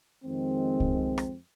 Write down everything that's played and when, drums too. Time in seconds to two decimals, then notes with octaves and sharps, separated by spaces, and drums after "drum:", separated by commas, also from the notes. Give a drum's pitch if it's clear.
0.24 F2 D#3 G#3 C4
0.80 drum: kick C2
1.18 drum: rim click